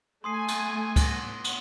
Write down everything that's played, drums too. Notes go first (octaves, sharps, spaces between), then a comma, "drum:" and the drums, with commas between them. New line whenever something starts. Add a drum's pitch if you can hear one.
A3 G#5 C6 D#6 C7
drum: cymbal
drum: kick C#2, cymbal
drum: cymbal